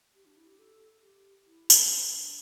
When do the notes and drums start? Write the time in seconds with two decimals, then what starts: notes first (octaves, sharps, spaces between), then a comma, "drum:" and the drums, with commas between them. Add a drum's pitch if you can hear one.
0.15 G4
0.26 D4
0.37 E4
0.48 G4
0.59 A4
1.02 G4
1.46 E4
1.70 drum: tambourine
1.90 D4